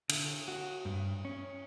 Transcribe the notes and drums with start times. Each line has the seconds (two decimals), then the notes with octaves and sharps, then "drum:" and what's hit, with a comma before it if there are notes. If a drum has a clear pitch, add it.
0.09 D3, drum: cymbal
0.48 F#4
0.85 G2
1.25 C#4